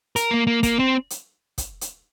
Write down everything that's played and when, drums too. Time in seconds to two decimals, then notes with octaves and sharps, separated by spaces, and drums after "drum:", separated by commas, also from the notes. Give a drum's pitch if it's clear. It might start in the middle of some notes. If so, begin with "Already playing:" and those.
0.16 A#4, drum: hi-hat
0.31 A#3
0.47 A#3
0.63 A#3, drum: kick, hi-hat
0.79 C4
1.10 drum: hi-hat
1.58 drum: kick, hi-hat
1.81 drum: hi-hat